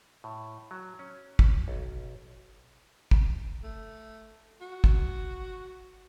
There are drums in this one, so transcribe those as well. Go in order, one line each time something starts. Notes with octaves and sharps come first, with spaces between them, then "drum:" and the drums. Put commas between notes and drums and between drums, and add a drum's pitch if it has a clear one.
A2
F#3
C#4
drum: kick
B1
drum: kick
A3
F#4
drum: kick